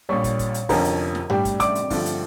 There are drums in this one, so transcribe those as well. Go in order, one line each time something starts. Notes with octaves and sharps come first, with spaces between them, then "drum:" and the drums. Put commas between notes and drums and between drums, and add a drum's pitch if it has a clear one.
A#1 A#2 G3 C#5 C#6
drum: kick, hi-hat
drum: kick, hi-hat
drum: hi-hat
F1 F2 D3 F3 C#4 A#4 A#5, drum: kick, open hi-hat
drum: hi-hat
drum: snare
A2 G3 D4 G4 G5, drum: tom G2
drum: kick, hi-hat
D5 D6, drum: kick, hi-hat
drum: hi-hat
G2 D3 F3 A3, drum: kick, open hi-hat
drum: hi-hat